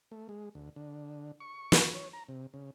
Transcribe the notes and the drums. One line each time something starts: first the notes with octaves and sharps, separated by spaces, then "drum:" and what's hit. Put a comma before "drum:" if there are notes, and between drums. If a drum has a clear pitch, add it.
A3
G#3
D2
D3
C#6
drum: snare
C#5
A#5
C3
C#3